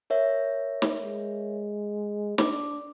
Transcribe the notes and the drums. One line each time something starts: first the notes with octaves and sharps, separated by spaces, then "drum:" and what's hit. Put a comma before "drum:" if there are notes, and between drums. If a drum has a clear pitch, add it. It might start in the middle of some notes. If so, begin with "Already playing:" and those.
A#4 C#5 E5
drum: snare
G#3
D4 D6, drum: snare